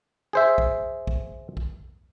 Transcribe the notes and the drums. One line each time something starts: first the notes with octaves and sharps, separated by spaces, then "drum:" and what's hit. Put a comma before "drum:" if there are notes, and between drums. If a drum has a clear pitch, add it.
G#4 C5 E5
drum: kick B1
drum: kick B1
drum: kick B1